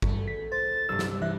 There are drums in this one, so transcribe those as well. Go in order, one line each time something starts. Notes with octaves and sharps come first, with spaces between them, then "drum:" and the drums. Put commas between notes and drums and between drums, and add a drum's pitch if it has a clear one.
E2 G2 A3, drum: kick
B6
C5 A6
C2 G2 E6
drum: snare
E3 G3 E5 F#6